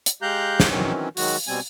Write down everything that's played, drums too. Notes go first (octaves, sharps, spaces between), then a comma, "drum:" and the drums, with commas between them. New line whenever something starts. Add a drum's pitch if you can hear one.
drum: hi-hat
G#3 G4 F5 A#5 F#6 G6
drum: snare
D#3 E3 F#3 C4 C#4
D#3 F#3 G#3 F#4, drum: open hi-hat
B2 G3 C4 G#5